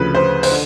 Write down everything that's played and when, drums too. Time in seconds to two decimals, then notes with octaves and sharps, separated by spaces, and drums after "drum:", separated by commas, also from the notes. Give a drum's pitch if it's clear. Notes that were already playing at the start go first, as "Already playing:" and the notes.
Already playing: D2 C#3 F3 B4
0.15 C5
0.43 C5, drum: open hi-hat
0.50 D3